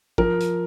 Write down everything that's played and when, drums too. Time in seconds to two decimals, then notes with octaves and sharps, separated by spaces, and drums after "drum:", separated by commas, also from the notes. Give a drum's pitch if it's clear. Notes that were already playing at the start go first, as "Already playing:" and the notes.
0.18 F3 A#4, drum: kick
0.40 drum: hi-hat